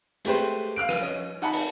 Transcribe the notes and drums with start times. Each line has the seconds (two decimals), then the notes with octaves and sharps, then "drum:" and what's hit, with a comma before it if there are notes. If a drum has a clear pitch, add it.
0.25 G#3 A3 G4 B4 C5, drum: hi-hat
0.76 F5 F6 F#6 D7
0.89 drum: rim click
1.02 C#4 D#5
1.42 D#4 F#5 G#5 A5 B5
1.53 drum: open hi-hat